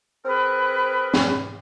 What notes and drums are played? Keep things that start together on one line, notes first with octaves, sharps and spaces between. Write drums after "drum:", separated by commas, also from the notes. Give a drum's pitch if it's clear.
C4 G#4 A#4 B4
drum: snare